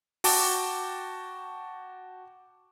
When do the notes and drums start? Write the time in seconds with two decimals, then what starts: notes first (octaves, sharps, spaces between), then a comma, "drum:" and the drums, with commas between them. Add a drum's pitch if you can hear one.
0.24 F#4 G5 A5 D6, drum: open hi-hat